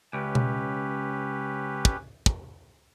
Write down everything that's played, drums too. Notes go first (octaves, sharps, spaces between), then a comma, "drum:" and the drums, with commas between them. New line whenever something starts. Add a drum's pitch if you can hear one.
C#2 C#4 G4 B4
drum: tom B2
drum: kick
drum: kick